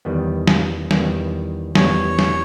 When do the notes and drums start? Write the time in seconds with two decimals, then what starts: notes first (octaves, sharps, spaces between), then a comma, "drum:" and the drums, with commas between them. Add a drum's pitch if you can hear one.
0.05 E2 D#3 G3 B3
0.47 drum: snare
0.91 E2 D#3 G3 B3, drum: snare
1.75 E2 D#3 G3 B3 C#5, drum: snare
2.19 drum: snare